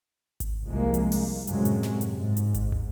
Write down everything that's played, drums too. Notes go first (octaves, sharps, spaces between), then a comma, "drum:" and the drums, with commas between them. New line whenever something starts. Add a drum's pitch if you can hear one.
drum: kick G#1, hi-hat
C2 F3 G#3 A#3
drum: hi-hat
drum: open hi-hat
F#2 A2 C3 F#3 G#3, drum: hi-hat
drum: hi-hat
drum: snare
drum: hi-hat
G#2
drum: hi-hat
drum: kick G#1, hi-hat
drum: tom